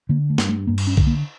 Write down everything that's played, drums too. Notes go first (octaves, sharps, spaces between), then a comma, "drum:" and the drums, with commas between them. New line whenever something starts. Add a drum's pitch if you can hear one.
D3 A#3
A3
G2, drum: snare
A3
G2 A#3
drum: cymbal
C#4
D3, drum: kick B1
A#3